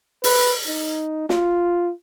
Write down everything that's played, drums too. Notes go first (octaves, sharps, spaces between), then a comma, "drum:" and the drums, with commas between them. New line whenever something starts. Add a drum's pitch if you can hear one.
B4, drum: open hi-hat
D#4
F4, drum: snare